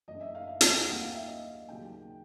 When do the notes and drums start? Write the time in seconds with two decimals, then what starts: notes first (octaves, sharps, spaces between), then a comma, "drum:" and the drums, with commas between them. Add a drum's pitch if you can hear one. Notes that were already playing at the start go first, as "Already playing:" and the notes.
0.08 F#1 F#2 D3 D#5
0.21 E5
0.35 F5
0.48 E5
0.61 F5, drum: hi-hat
0.74 G5
0.87 D#2 D3 G3 A#3 F#5
1.01 F5
1.14 E5
1.27 D#5
1.68 D#2 C#3 F#3 G5